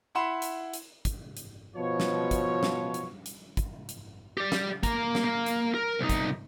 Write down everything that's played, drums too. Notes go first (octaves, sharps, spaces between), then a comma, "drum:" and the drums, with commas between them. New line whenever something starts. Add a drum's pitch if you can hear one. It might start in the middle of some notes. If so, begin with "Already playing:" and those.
E4 F#5 B5 C6 E7
drum: hi-hat
drum: hi-hat
drum: kick, hi-hat
drum: hi-hat
B2 F3 C#5
drum: snare
drum: kick, hi-hat
drum: snare
drum: hi-hat
drum: hi-hat
drum: kick, hi-hat
drum: hi-hat
G4 D5
drum: snare
A#3 A#5, drum: kick, hi-hat
drum: snare
A#3
drum: hi-hat
A#4
C2 D#4
drum: kick, hi-hat